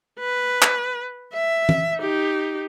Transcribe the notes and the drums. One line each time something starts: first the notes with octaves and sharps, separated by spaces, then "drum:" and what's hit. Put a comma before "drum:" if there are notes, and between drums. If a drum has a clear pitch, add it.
B4
drum: clap
E5
drum: tom E3
D#4 G4